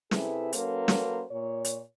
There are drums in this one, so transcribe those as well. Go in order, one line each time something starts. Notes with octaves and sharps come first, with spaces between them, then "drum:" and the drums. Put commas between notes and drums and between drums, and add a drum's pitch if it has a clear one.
C3 E4 G#4 A4 B4, drum: snare
F#3 A#3 C#4 A4 B4 C5, drum: hi-hat
drum: snare
A#2 C#5
drum: hi-hat